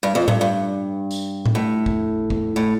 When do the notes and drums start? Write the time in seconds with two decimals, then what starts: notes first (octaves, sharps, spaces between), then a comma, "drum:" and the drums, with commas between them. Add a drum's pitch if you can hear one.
0.03 G2
0.15 F2
0.28 G2, drum: tom A2
0.41 G2
1.11 drum: tambourine
1.46 drum: tom A2
1.55 A2
1.86 drum: kick G1
2.30 drum: kick G1
2.56 A2